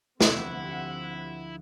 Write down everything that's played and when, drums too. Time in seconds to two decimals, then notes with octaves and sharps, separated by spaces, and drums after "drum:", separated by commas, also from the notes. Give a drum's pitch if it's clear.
0.21 D2 F3 C4 E4 G4 F#5, drum: snare